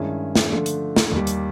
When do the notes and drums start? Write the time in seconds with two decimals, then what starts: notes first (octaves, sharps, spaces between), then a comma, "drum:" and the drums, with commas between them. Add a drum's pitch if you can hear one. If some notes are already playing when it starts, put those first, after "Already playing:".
Already playing: G2 D#3 G#3 C#4 E4
0.35 drum: snare
0.51 D3 F3 A3 D4 F4
0.66 drum: hi-hat
0.96 drum: snare
1.12 D#2 D#3 G3
1.27 drum: hi-hat